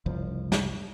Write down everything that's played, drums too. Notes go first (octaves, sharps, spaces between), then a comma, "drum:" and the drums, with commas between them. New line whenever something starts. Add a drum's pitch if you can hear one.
F#1 C2 F3
drum: snare